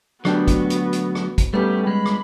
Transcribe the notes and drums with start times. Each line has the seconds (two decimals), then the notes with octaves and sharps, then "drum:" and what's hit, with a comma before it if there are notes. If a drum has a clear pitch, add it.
0.25 D2 F#3 B3 D4 F#4 G4, drum: rim click
0.48 drum: kick, hi-hat
0.70 drum: hi-hat
0.93 drum: hi-hat
1.15 drum: rim click
1.38 drum: kick, hi-hat
1.54 G3 A3 B3 C#4 G4
1.87 G#3 B5
2.06 drum: rim click